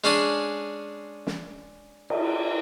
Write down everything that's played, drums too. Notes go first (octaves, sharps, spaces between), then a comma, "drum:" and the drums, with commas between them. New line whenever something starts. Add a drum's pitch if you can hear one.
G#3 C#4 D4 G#4
drum: snare
drum: cymbal